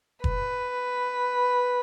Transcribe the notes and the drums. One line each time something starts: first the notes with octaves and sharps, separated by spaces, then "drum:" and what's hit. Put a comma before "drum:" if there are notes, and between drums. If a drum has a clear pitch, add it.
B4, drum: kick